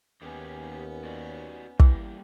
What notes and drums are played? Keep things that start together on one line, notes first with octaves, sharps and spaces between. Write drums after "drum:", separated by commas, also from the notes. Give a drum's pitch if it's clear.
D#2 B3 C#4 D#4 G4 G#4
F#4 D5 D#5
E3 G3 A#3, drum: kick